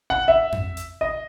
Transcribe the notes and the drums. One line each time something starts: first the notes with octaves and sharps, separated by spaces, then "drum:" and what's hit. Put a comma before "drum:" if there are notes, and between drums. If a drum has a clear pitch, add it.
F#5
E5
drum: tom F2
drum: hi-hat
D#5